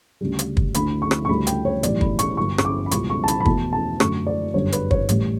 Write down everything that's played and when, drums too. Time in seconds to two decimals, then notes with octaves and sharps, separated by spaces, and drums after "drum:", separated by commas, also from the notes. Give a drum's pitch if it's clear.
0.21 D2 C#3 G3
0.39 drum: hi-hat
0.57 drum: kick
0.74 D2 D3 A3 B5, drum: hi-hat
1.02 C#6
1.11 drum: rim click
1.25 C#6
1.28 D2 C#3 G3 B5
1.47 G5, drum: hi-hat
1.65 C#5
1.83 B1 A2 E3 G3 D5, drum: hi-hat
2.01 B5, drum: kick
2.19 C#6, drum: hi-hat
2.37 G1 G2 D3 F#3 C#6
2.58 C#6, drum: rim click
2.65 D6
2.86 B5
2.91 C#2 B2 G3 C#6, drum: hi-hat
3.10 C#6
3.24 A5
3.28 B5, drum: hi-hat
3.40 B5
3.45 E2 B2 A3 A5, drum: kick
3.73 A5
4.00 F#2 D3 F#3 A3 C#6, drum: rim click
4.27 D5
4.54 G1 F#2 D3 G3 C#5
4.72 B4, drum: hi-hat
4.91 C#5, drum: kick
5.09 A1 A2 G3, drum: hi-hat